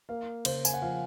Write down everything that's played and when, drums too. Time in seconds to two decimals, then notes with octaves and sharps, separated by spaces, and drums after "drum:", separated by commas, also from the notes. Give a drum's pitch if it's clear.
0.09 A#3 F5
0.45 C#3 C5, drum: cymbal
0.65 G#5, drum: tambourine
0.74 F#5
0.82 F3 F5